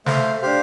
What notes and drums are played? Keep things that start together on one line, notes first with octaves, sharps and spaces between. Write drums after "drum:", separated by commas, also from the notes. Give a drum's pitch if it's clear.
A3 C5 F5, drum: snare
D4 G4 C5 F5